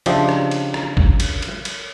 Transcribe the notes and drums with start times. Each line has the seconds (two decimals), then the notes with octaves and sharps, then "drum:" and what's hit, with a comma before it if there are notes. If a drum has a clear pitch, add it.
0.06 C#3 F3 D4 G4 D#5 E5, drum: cymbal
0.29 drum: rim click
0.51 drum: cymbal
0.74 drum: rim click
0.97 drum: kick
1.20 drum: cymbal
1.42 drum: cymbal
1.65 drum: cymbal